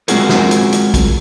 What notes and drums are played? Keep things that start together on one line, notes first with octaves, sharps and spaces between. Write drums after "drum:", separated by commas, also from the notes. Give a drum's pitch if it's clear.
G#3 C4 F4 F#4 G#4 A#4, drum: hi-hat
drum: snare
drum: hi-hat
drum: hi-hat
drum: kick, hi-hat